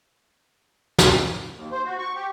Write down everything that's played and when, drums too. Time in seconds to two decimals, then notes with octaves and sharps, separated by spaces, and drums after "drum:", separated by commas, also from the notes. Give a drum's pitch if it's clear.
0.98 drum: snare
1.55 D#2
1.72 C5
1.86 F#4
1.99 C#6
2.15 G4